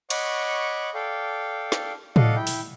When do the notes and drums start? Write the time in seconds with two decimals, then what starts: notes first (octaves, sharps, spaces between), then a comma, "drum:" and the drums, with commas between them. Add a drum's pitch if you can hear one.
0.10 C#5 D#5 F#5 B5 C#6 D6, drum: cymbal
0.94 A4 D5 F5 G5
1.72 drum: snare
2.16 A4 D5 D#5 F5 F#5, drum: tom A2
2.36 E4 G5
2.47 drum: open hi-hat